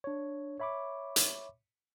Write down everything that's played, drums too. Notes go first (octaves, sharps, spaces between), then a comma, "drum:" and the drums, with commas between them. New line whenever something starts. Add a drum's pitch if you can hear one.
D4 C#5
C#5 E5 B5 C#6 D6
drum: hi-hat